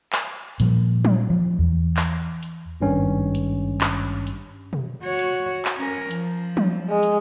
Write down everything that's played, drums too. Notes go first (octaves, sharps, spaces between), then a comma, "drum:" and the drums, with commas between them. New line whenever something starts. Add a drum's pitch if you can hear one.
drum: clap
A#2 F3 G3, drum: hi-hat
drum: tom F3
F3
E2
drum: clap
drum: hi-hat
G#1 G2 C#4
drum: hi-hat
drum: clap
drum: hi-hat
drum: tom B2
F#4 C#5
drum: hi-hat
drum: clap
C#4 A#4
F3, drum: hi-hat
drum: tom F3
G#3
drum: hi-hat